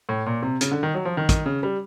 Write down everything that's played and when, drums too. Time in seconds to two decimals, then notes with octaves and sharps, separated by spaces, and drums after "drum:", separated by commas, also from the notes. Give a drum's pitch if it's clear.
0.09 A2
0.26 A#2
0.43 C3
0.61 C#3, drum: hi-hat
0.72 D3
0.83 D#3
0.94 F#3
1.05 F3
1.17 D#3
1.29 D#3, drum: kick, hi-hat
1.46 C#3
1.63 G3